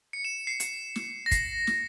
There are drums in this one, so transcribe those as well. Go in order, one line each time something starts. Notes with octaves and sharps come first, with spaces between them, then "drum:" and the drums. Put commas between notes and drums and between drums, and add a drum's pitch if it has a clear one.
C#7
E7
C7
drum: hi-hat
drum: snare
A#6
C7, drum: kick, hi-hat
drum: snare